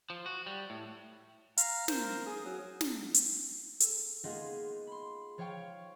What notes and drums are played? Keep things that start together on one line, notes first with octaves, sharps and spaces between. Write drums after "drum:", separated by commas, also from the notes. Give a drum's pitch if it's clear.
F3
F#4
G3
A2
F5 A#5 F6, drum: hi-hat
A#4 C5, drum: snare
G#4 D#6
F#3
drum: snare
drum: hi-hat
A4, drum: hi-hat
G#3 A#3 B3 D#4 F4 G#4
B5 C6
F3 C#5 F5 G5 C#6